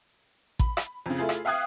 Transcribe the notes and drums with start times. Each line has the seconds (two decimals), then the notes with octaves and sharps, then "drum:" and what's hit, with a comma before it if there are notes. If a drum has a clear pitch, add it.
0.59 B5, drum: kick A1
0.77 drum: rim click
1.06 F2 C#3
1.18 A3 E4 F4 G#4
1.29 drum: rim click
1.45 E5 F5 G5 D#6 F#6 G#6